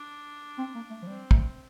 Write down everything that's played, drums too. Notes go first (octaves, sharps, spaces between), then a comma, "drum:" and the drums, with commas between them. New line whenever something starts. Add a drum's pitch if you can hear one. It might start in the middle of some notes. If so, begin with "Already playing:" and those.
Already playing: D4
C4
A#3
A3
F3
G3 C4
A3, drum: kick